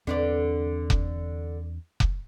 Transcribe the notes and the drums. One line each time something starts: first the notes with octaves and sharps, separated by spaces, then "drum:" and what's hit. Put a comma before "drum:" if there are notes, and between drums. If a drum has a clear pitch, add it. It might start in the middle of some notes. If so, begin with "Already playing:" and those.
E2 D3 C4 D4 B4 D5
drum: kick F1
drum: kick F1